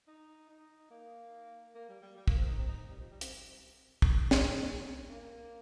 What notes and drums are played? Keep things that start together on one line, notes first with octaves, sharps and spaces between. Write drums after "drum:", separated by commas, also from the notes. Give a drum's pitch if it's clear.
D#4
D#4
A#3
A#3
G3
G3
G3
A#3, drum: kick
C4
D#4
C4
D#4
G3
F3
G3
C4, drum: hi-hat
drum: kick
drum: snare
A#3